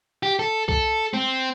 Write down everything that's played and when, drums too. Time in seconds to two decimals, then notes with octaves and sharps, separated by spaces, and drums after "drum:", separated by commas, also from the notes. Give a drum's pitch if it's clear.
0.23 G4
0.39 A4
0.68 A4, drum: kick C2
1.13 C4, drum: tom